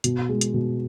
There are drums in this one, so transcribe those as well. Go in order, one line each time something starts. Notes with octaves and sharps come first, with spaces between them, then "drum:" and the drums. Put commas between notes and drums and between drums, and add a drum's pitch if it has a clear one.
B2, drum: hi-hat
G#3
drum: hi-hat
B2